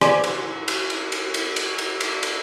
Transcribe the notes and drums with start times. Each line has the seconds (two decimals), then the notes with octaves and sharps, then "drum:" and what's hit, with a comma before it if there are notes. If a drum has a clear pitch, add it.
0.01 G#4 C5 D5 G#5, drum: rim click
0.24 drum: cymbal
0.68 drum: cymbal
0.90 drum: cymbal
1.12 drum: cymbal
1.34 drum: cymbal
1.56 drum: cymbal
1.78 drum: cymbal
2.01 drum: cymbal
2.23 drum: cymbal